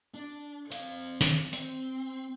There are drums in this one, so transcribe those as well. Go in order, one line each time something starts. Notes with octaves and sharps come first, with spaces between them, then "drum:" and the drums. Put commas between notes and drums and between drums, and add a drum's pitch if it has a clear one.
D4
C4 F5, drum: hi-hat
drum: snare
C4, drum: hi-hat